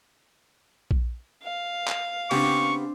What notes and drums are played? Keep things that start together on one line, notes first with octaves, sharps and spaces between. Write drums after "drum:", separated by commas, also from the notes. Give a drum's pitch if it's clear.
drum: kick A#1
F5
drum: clap
C#3 B3 C4 D4 G4 C#6, drum: open hi-hat